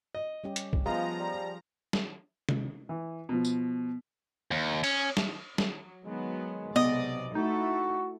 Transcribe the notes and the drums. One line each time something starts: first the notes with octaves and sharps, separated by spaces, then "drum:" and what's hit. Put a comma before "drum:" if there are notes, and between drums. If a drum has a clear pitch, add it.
D#5
G3 C#4 G4
drum: hi-hat
drum: kick
F3 B3 F4 G#4 D#5 A#5
G3
drum: snare
drum: tom C3
E3
B2 F3
drum: tambourine
D#2
C#4, drum: cymbal
drum: snare
F#3, drum: snare
D#3 F#3 G#3 B3
B1 C3 B3 D5 D#5
A3 D#4 E4 F#4 A4